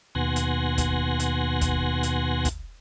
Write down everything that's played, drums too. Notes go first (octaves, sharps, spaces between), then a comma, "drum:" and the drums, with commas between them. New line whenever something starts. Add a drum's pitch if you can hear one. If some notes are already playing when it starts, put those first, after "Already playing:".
D#2 B2 F#5 G#5 C6 A#6
drum: hi-hat
drum: kick, hi-hat
drum: hi-hat
drum: kick, hi-hat
drum: hi-hat
drum: kick, hi-hat